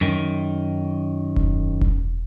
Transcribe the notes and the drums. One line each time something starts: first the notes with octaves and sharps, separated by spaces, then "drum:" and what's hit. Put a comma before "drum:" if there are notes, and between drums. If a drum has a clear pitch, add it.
F#2 D#3
drum: kick E1
drum: kick E1